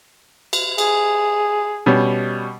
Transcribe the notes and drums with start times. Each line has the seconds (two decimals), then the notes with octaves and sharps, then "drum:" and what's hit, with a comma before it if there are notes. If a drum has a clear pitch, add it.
0.53 drum: cymbal
0.78 G#4, drum: cymbal
1.86 B2 G3 C#4